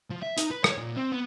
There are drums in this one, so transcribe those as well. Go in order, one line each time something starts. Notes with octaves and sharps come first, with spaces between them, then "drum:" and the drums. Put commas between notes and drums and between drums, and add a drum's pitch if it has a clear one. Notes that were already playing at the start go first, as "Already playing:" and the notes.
F3
E5
D#4, drum: hi-hat
B4
C#5, drum: rim click
A#2
C4
B3